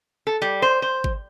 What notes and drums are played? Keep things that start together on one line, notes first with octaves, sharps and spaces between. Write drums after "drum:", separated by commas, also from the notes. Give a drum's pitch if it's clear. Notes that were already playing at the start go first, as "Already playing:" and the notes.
A4
G3
C5
C5
drum: kick G#1